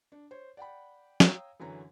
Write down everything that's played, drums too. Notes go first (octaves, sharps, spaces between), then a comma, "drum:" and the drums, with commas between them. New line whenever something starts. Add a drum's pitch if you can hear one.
D4
C5 C#5
D5 F#5 G5 B5
C#5 F5 G5 A#5 D#6 E6, drum: snare
F#2 D3 E3 C#4 C#5 A#5